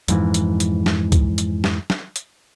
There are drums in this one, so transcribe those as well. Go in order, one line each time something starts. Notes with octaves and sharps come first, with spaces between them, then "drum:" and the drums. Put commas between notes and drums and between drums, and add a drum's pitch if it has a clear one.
F2 G#2 E3, drum: hi-hat
drum: hi-hat
drum: hi-hat
drum: snare
drum: kick C#2, hi-hat
drum: hi-hat
drum: snare
drum: snare
drum: hi-hat